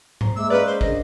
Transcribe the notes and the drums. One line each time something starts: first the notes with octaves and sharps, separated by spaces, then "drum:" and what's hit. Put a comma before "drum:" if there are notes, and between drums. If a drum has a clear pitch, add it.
C5 A#5, drum: tom G#2
G#3 A#3 E5 D6 E6
C#4 B4 D5 D#5 F5 A#5
C5
D4 A#4 C5 D#5, drum: kick